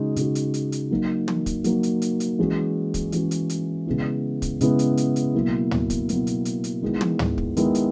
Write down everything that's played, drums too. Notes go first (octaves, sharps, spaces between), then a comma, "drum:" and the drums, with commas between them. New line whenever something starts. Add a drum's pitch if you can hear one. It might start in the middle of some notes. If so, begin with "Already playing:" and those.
Already playing: C#3 G#3 D#4 F#4
C#3 G#3 D#4 F#4, drum: hi-hat
drum: hi-hat
drum: hi-hat
drum: hi-hat
F#3 A#3 D#4
drum: tom
drum: kick, hi-hat
F#3 A#3 D#4, drum: hi-hat
drum: hi-hat
drum: hi-hat
drum: hi-hat
E3 G#3 C#4 F#4
drum: kick, hi-hat
E3 G#3 C#4 F#4, drum: hi-hat
drum: hi-hat
drum: hi-hat
C#3 G#3 B3 E4
drum: kick, hi-hat
C#3 G#3 B3 E4, drum: hi-hat
drum: hi-hat
drum: hi-hat
drum: hi-hat
B2 F#3 A#3 E4
drum: tom
drum: kick, hi-hat
B2 F#3 A#3 E4, drum: hi-hat
drum: hi-hat
drum: hi-hat
drum: hi-hat
D#3 G#3 B3 E4
drum: tom
drum: tom
drum: kick
D#3 G#3 B3 E4, drum: hi-hat
drum: hi-hat